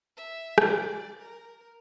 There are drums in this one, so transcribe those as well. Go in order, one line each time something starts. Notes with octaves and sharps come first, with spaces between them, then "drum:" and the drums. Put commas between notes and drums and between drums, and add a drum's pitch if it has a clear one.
E5
drum: rim click
D5
A#4